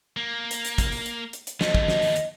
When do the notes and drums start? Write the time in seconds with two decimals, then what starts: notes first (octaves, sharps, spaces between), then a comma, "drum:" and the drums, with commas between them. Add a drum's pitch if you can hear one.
0.17 A#3
0.51 drum: hi-hat
0.65 drum: hi-hat
0.78 drum: kick, hi-hat
0.92 drum: open hi-hat
1.06 drum: hi-hat
1.33 drum: hi-hat
1.47 drum: hi-hat
1.61 D#2 A3 D#5, drum: snare
1.75 drum: kick
1.88 drum: snare
2.02 drum: open hi-hat
2.16 drum: hi-hat